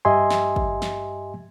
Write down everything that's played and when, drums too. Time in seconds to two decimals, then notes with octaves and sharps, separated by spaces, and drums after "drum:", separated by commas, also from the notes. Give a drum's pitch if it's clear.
0.05 G2 G4 D#5 E5 G#5 C6
0.31 drum: snare
0.56 drum: kick G#1
0.82 drum: snare